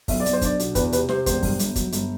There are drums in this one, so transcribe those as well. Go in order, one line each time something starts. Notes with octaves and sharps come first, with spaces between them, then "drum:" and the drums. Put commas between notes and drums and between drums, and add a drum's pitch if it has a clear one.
B1 E5, drum: kick, open hi-hat
D5
B1, drum: hi-hat
C5
D4 D5, drum: kick, hi-hat
B2, drum: hi-hat
E2 B4, drum: kick, hi-hat
C3 B4, drum: hi-hat
C3 C5, drum: snare
E1 C5, drum: kick, hi-hat
G2, drum: kick, open hi-hat
G1, drum: hi-hat
F#3, drum: kick, hi-hat
G1, drum: hi-hat